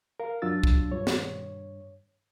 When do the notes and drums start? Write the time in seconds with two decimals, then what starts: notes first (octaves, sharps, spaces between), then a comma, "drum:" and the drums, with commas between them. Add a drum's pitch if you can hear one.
0.20 A#4 F5
0.42 F#2 F#3 D4 F4 E6 A6
0.64 drum: kick C2
0.92 G2 C#5
1.07 drum: snare